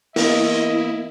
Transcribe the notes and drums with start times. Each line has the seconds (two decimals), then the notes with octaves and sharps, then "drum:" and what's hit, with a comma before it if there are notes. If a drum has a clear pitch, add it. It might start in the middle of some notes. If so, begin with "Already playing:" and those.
0.16 E2 A#3 E4 D#5, drum: open hi-hat